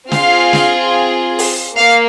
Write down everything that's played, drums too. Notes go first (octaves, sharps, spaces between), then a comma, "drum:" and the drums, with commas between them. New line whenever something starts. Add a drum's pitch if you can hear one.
C4 F4 G#4 F5, drum: snare
drum: snare
drum: open hi-hat
A#3 F5